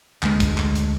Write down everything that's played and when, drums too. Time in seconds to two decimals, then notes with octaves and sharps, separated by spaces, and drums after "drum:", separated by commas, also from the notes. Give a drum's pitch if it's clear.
0.23 D2 G#3, drum: clap
0.40 drum: kick, hi-hat
0.58 drum: clap
0.75 drum: hi-hat